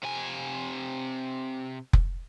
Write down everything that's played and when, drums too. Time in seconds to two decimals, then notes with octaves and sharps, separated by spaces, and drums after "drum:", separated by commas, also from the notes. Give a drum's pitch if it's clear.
0.03 C3 G#5
1.93 drum: kick F1